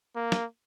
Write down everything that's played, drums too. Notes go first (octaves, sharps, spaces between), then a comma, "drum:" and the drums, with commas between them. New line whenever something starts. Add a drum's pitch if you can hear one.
A#3
drum: snare